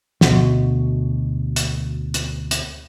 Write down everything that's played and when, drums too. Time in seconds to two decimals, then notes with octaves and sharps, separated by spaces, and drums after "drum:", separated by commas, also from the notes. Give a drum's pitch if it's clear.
0.21 D2 B2 F#4, drum: snare
1.56 drum: hi-hat
2.14 drum: hi-hat
2.51 drum: hi-hat